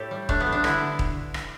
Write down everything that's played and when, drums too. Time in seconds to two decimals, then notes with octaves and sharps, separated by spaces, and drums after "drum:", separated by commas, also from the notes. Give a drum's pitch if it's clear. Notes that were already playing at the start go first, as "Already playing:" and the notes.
Already playing: A2 G4 A4
0.11 G3
0.29 A3 D4, drum: kick D#1
0.41 B3
0.46 A3
0.52 D4
0.64 D3 E4, drum: rim click
0.99 drum: kick D#1
1.34 drum: rim click